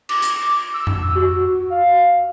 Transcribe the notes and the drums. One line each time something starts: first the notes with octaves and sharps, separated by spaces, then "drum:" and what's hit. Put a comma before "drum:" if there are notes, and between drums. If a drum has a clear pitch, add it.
D6, drum: cymbal
drum: hi-hat
E6
drum: tom F2
F#4
F5